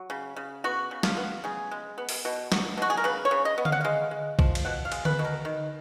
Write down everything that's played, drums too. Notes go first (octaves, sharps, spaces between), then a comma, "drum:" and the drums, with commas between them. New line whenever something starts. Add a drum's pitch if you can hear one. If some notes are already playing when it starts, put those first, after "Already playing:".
Already playing: F#3
C#3
C#3
B3 F#4
C#3
F4, drum: snare
B3
C#3 G#4
G#3
B3
drum: open hi-hat
B2
F#3, drum: snare
B2 F#4
G#4
A#4
C#3 B4
C#5
C#3
D#5
B3
F5, drum: tom D3
F#5
G#3 F5
G#3
F3, drum: kick B1
drum: cymbal
B2 F#5
F5
G#3, drum: cymbal
B4, drum: tom D3
B2
A#4
D#3